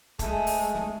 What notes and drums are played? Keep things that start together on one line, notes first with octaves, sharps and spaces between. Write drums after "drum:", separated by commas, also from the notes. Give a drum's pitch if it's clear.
G#3 A3, drum: kick, hi-hat
drum: open hi-hat
drum: snare